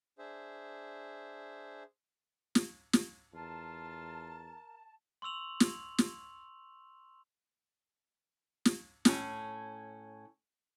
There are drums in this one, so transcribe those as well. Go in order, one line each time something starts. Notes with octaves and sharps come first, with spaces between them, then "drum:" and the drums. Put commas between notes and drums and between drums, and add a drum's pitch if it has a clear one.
D4 G#4 C5 E5
drum: snare
drum: snare
E2 F4 A#4 A5
C6 C#6 E6 F7 F#7
drum: snare
drum: snare
drum: snare
A2 C#4, drum: snare